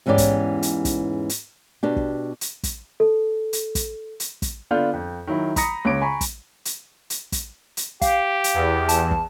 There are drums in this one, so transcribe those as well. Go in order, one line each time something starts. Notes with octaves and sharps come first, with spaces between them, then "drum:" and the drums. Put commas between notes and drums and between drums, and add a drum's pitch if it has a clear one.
E2 G#2 E3 C#4 G4 D5
drum: kick, hi-hat
drum: hi-hat
drum: kick, hi-hat
drum: hi-hat
B2 D4 G4
drum: kick
drum: hi-hat
drum: kick, hi-hat
A4
drum: hi-hat
drum: kick, hi-hat
drum: hi-hat
drum: kick, hi-hat
D3 B3 D4 F4 F6 G6
F2
D#3 F#3 E4
A#5 B5 D#6 A#6 C#7, drum: kick, hi-hat
C#2 C#4 D6 D7
G#5 A#5 B5 C#6
drum: kick, hi-hat
drum: hi-hat
drum: hi-hat
drum: kick, hi-hat
drum: hi-hat
G4 F5, drum: kick, hi-hat
drum: hi-hat
E2
A5, drum: hi-hat
drum: kick